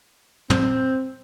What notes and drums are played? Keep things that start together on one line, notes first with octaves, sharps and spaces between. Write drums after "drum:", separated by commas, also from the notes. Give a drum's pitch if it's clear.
C4, drum: tom